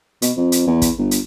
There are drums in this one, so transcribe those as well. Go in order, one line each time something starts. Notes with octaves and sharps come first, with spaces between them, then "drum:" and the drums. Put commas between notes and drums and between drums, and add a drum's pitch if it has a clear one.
B2, drum: hi-hat
F2
drum: hi-hat
E2
drum: kick, hi-hat
G1
drum: hi-hat